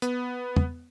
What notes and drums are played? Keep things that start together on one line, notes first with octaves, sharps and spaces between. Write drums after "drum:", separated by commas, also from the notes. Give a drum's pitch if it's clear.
B3, drum: hi-hat
drum: tom